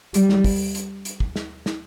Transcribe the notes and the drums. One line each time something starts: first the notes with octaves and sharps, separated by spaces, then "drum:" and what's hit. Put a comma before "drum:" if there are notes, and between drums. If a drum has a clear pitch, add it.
G3, drum: hi-hat
drum: snare
drum: kick, open hi-hat
drum: hi-hat
drum: hi-hat
drum: kick
drum: snare
drum: snare